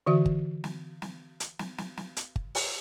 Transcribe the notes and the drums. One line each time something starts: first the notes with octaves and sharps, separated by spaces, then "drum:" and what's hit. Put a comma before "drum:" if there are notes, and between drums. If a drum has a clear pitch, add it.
D3 E3 F#4 E5
drum: kick G1
drum: snare
drum: snare
drum: hi-hat
drum: snare
drum: snare
drum: snare
drum: hi-hat
drum: kick G1
drum: open hi-hat